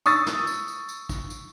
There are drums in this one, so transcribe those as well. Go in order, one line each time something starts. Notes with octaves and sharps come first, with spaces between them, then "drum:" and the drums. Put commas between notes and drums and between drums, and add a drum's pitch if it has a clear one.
C#6 D#6 E6 A6, drum: tambourine
drum: snare
drum: tambourine
drum: tambourine
drum: tambourine
drum: kick, tambourine
drum: tambourine